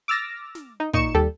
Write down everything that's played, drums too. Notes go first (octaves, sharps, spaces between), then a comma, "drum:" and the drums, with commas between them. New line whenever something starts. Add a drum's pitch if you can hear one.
D6 E6 F6 A6 A#6
drum: snare
D#4
A#2 D#4 C#6 C#7 E7, drum: kick
D#2 G3 A4